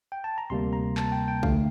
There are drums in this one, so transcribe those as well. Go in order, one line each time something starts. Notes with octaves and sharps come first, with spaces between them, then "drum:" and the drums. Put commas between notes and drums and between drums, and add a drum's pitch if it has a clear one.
G5
A5
A#5
D2 C3 G3 A#3 C6
A#5
A5, drum: clap
G5
G5
D2 D3 A3 F5, drum: kick